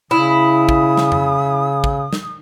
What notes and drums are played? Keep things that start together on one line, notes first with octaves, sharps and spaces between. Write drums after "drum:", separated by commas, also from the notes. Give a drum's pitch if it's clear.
C#3 E4 D#6
drum: kick
drum: snare
drum: tom F2
drum: kick
drum: snare